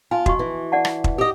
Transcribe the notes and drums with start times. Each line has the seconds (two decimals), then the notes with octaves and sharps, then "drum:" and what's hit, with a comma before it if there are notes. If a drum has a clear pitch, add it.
0.11 F4 G#5 A5
0.26 F#4 D#5 C#6, drum: kick
0.39 E3
0.72 D5 F#5 A5
0.85 drum: rim click
1.04 drum: kick
1.18 G4 D#5